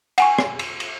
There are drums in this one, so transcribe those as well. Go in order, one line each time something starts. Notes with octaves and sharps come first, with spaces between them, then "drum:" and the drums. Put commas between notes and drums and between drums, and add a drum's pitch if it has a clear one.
F#5 G#5 C#6, drum: cymbal
drum: rim click
drum: cymbal
drum: cymbal